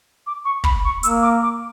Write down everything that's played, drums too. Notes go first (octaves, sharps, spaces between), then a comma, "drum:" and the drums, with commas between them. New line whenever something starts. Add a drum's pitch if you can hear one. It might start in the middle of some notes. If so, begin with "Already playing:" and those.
D6
C#6
B5, drum: kick
C#6
A#3 E6, drum: hi-hat
D6
D6